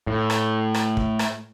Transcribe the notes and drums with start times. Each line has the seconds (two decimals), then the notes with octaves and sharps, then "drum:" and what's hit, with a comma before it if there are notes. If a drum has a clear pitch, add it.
0.07 A2
0.30 drum: rim click
0.74 drum: rim click
0.97 drum: kick
1.19 drum: rim click